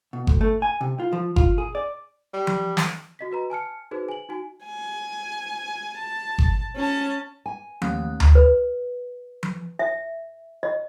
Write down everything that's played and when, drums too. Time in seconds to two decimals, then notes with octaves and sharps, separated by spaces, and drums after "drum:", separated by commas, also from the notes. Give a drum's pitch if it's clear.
0.13 B2
0.27 D2, drum: kick G1
0.41 A3
0.62 G#5
0.81 C3
1.00 F4
1.13 F3
1.36 F4, drum: kick G1
1.58 G#4
1.75 D5
2.33 G3
2.47 drum: tom F3
2.77 drum: snare
3.19 F#4 D#5 B6
3.32 F#4 B4 A#5
3.50 G#5 A5 F6 C#7
3.91 D#4 F#4 G#4 B4 C5
4.09 G#5 F#7
4.29 D#4 F#4 G#5
4.65 G#5
5.97 A5
6.38 drum: kick G1
6.75 C#4 A5
7.46 G#5
7.82 D#2 A3 D#6 F#6, drum: tom F3
8.20 drum: tom D2
8.35 B4
9.43 drum: tom F3
9.79 E5
10.63 D#5